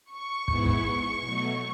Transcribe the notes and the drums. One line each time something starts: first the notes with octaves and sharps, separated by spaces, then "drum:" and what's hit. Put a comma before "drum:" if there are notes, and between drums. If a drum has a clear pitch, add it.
C#6
G#2 G#3 B3 E4, drum: kick
drum: kick
B2 F#3 A3